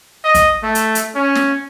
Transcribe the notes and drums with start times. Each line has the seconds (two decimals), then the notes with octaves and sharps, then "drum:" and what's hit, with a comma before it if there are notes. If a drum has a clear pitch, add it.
0.24 D#5
0.34 drum: kick, hi-hat
0.63 A3
0.75 drum: hi-hat
0.95 drum: hi-hat
1.15 C#4
1.35 drum: snare